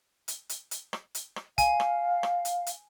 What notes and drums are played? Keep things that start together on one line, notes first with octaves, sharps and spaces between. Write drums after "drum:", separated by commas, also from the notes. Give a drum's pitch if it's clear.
drum: hi-hat
drum: hi-hat
drum: hi-hat
drum: rim click
drum: hi-hat
drum: rim click
F5 G#5, drum: kick, hi-hat
drum: rim click
drum: rim click
drum: hi-hat
drum: hi-hat